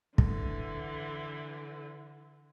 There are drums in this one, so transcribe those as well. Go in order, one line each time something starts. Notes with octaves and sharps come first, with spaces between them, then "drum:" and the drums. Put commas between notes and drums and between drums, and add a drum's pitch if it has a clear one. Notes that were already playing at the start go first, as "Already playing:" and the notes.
D3 E3, drum: kick